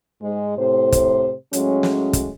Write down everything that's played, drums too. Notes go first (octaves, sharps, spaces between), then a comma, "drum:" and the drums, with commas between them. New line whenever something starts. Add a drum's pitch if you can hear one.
G#2 G#3
A2 C3 C5
drum: kick, hi-hat
A2 F#3 G#3 C#4, drum: hi-hat
drum: snare
drum: kick, hi-hat